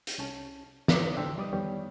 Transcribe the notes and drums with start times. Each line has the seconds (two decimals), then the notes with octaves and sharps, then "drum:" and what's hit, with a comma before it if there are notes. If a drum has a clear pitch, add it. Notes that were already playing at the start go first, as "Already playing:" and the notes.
0.07 drum: hi-hat
0.18 C2 C#4 A5
0.88 F#4 A#4 B4 C#5 D6 D#6, drum: snare
1.16 D3 D4 C5 G5 E6
1.37 C2 G3 D5 D#5 D#6
1.53 F2 D#3 G3 B3 G4 C#5